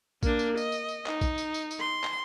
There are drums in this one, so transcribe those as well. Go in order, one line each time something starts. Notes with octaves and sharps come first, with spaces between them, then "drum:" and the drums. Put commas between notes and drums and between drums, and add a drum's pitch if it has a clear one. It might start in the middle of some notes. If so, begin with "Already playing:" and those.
A#3 D4, drum: kick, tambourine
drum: tambourine
D#5, drum: tambourine
drum: tambourine
drum: tambourine
D#4, drum: clap
drum: kick, tambourine
drum: tambourine
drum: tambourine
drum: tambourine
C6
drum: clap